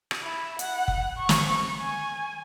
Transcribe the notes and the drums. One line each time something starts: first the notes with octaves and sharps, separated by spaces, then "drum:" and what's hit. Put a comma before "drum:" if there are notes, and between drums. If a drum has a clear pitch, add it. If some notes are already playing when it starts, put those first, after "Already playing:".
drum: rim click
E4
F#5, drum: hi-hat
drum: kick
C#6
drum: snare
G#5